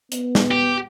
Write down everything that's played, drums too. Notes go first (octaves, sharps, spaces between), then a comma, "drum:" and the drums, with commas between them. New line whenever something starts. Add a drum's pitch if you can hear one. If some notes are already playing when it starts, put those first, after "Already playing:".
B3, drum: hi-hat
drum: snare
G4